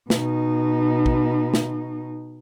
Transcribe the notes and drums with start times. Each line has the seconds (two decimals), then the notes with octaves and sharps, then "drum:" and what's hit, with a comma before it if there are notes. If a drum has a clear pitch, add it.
0.10 B2 D#4, drum: snare
1.06 drum: kick
1.54 drum: snare